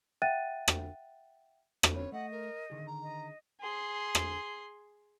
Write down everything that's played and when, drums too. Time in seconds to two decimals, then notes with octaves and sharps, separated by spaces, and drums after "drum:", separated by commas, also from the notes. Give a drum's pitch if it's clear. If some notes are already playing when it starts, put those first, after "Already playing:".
0.22 E5 F#5 G5 F#6 A6 D#7
0.68 drum: rim click
1.83 drum: rim click
1.94 C4 C#4 B4 C#5
2.12 A3 D#5 F#5
2.31 A#4
2.70 D3 D#3 G#4
2.87 A#5
3.03 D#5
3.61 G#4 C6
4.15 drum: rim click